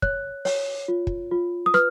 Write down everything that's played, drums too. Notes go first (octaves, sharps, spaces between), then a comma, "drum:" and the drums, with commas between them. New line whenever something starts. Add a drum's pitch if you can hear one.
C#5 F#6, drum: kick
C#5, drum: open hi-hat
F4
drum: kick
F4
D#6
B4 F6, drum: rim click